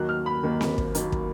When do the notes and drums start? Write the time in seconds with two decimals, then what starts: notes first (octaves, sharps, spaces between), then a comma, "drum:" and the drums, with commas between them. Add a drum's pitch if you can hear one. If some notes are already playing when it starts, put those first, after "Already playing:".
Already playing: D#2 D#3 F#3 A#3 F#6
0.09 F6
0.26 B5
0.43 D#2 D#3 F#3 A#3
0.61 drum: snare C4
0.78 drum: kick
0.95 D#2 D#3 F#3 A#3, drum: hi-hat
1.12 drum: kick